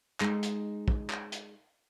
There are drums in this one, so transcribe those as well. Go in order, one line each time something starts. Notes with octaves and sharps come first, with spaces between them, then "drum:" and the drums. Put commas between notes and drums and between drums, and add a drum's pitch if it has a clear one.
G#3 D#4, drum: clap
drum: hi-hat
drum: kick
drum: clap
drum: hi-hat